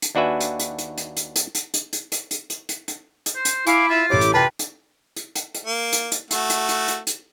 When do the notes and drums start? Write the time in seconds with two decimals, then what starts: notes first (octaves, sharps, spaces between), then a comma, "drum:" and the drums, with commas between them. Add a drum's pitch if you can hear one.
0.02 drum: hi-hat
0.15 D#2 D4 F#4 B4 E5 G#5
0.40 drum: hi-hat
0.59 drum: hi-hat
0.79 drum: hi-hat
0.98 drum: hi-hat
1.17 drum: hi-hat
1.36 drum: hi-hat
1.55 drum: hi-hat
1.74 drum: hi-hat
1.93 drum: hi-hat
2.12 drum: hi-hat
2.31 drum: hi-hat
2.50 drum: hi-hat
2.69 drum: hi-hat
2.88 drum: hi-hat
3.26 drum: hi-hat
3.36 C5
3.45 drum: hi-hat
3.67 E4 F5 G#5 D6, drum: hi-hat
3.90 F4 E5
4.10 A1 E4 G4 A4 C#5 D6
4.21 drum: hi-hat
4.34 F#2 C3 F4 B4 G5 A5
4.59 drum: hi-hat
5.16 drum: hi-hat
5.35 drum: hi-hat
5.55 drum: hi-hat
5.66 A#3
5.93 drum: hi-hat
6.12 drum: hi-hat
6.31 A3 F#4, drum: hi-hat
6.50 drum: hi-hat
6.69 drum: hi-hat
6.88 drum: hi-hat
7.07 drum: hi-hat